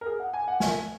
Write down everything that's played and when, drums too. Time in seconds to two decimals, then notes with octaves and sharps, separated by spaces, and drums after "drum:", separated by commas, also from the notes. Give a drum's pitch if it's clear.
0.01 A#4
0.06 G#4
0.20 F#5
0.33 G#5
0.48 F#5
0.60 G#5, drum: snare